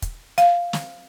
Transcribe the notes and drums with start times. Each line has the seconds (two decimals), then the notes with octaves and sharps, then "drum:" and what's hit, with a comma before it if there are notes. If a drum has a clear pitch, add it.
0.02 drum: kick, hi-hat
0.38 F5, drum: hi-hat
0.73 drum: snare